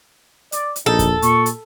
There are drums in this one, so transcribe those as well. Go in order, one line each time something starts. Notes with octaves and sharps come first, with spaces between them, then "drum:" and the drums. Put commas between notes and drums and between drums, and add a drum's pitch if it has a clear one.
D5, drum: hi-hat
drum: hi-hat
A#1 D#4 A4
drum: kick E2, hi-hat
A#2 C#6, drum: hi-hat
drum: hi-hat